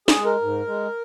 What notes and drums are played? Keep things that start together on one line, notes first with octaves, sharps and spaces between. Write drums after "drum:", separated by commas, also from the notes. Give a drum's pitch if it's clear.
G#4, drum: snare
G#3
A#4
G#2
G#3